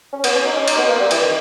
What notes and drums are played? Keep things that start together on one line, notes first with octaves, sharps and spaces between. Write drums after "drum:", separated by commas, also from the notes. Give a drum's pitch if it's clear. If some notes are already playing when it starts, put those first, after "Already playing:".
C#4
B3, drum: cymbal
C#4
D#4
C#4
D#4, drum: cymbal
B3
A#3
G3
E3, drum: cymbal
D#3